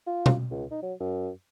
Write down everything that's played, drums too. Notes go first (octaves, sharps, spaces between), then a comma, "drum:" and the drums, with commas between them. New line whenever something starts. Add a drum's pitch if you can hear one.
F4
drum: tom B2
C#2
D#4
F#3
F#2